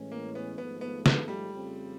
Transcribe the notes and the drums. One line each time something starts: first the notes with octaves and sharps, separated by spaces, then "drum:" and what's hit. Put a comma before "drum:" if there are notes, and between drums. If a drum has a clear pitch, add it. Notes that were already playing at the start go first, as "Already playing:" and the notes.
Already playing: A2 E3 G#3 C#4
A#3
B3
G#1 G#2 F3 A3 B3
B3
B3, drum: snare
G3
F2 C#3 F3 A3 C4